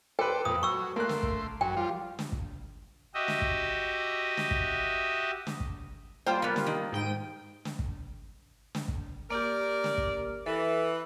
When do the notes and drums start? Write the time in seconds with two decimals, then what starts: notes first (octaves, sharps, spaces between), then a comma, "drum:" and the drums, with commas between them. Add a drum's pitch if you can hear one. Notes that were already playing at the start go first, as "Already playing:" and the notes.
0.19 A4 B4 C5 G5 D6
0.45 F2 A#2 D#6
0.63 F#3 C#6 E6
0.96 A3 A#3 C6 F#6
1.09 drum: snare
1.23 drum: kick
1.61 F#2 F#3 G5
1.77 F3 G3 F4
2.19 drum: snare
2.32 drum: kick
3.14 F#4 G4 D#5 E5
3.28 drum: snare
3.42 drum: kick
4.37 drum: snare
4.51 drum: kick
5.47 drum: snare
5.60 drum: kick
6.26 G3 A#3 F4 C5 G5
6.42 F3 B3
6.56 drum: snare
6.66 D#3
6.92 G#2 G5 D#7
7.65 drum: snare
7.79 drum: kick
8.75 drum: snare
8.88 drum: kick
9.30 A#3 G4 A#4 D5
9.84 drum: snare
9.98 drum: kick
10.46 E3 A4